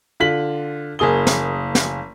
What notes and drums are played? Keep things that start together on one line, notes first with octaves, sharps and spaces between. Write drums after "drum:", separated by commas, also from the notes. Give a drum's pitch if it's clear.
D3 F4 B6 F#7
F#1 A#3 G#4 D#6 G7
drum: snare
drum: snare